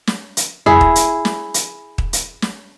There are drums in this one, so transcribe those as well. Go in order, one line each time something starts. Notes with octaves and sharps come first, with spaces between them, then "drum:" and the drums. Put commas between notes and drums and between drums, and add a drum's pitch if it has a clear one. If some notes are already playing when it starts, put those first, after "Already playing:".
drum: snare
drum: hi-hat
E4 G#4, drum: tom E2
drum: kick
drum: hi-hat
drum: snare
drum: hi-hat
drum: kick
drum: hi-hat
drum: snare